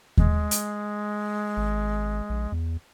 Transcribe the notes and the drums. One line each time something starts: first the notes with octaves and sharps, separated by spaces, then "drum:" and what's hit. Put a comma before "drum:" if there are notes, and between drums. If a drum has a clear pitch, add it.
G#3, drum: kick D#2
drum: hi-hat
G#1
A#1
E2